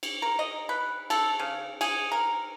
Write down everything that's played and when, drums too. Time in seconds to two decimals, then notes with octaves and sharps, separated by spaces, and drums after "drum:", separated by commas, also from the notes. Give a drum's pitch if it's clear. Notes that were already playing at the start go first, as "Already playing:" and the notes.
0.03 drum: cymbal
0.22 A#4
0.39 D#5
0.69 B4
1.10 A4, drum: cymbal
1.39 C#3
1.81 G#4, drum: cymbal
2.12 A#4